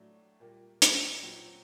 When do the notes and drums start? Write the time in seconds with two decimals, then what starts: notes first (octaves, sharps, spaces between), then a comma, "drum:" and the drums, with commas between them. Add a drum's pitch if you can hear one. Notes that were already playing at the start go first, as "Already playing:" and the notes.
Already playing: A2 F#3 A3 D4
0.40 A#2 G3 A#3
0.82 drum: hi-hat
1.23 A#2 F#3 C4